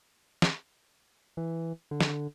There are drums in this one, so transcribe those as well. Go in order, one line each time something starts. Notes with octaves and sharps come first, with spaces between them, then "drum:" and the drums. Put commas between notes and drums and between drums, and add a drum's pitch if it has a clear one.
drum: snare
E3
D3
drum: snare